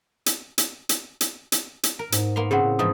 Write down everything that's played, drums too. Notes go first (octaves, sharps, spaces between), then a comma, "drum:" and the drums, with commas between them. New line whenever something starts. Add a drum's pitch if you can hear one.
drum: hi-hat
drum: hi-hat
drum: hi-hat
drum: hi-hat
drum: hi-hat
drum: hi-hat
A#4
G#2, drum: hi-hat
A#3 B3 C6 F7
C#3 B3 C4 G#4 F#5
A2
G#2 E3 F3 D#6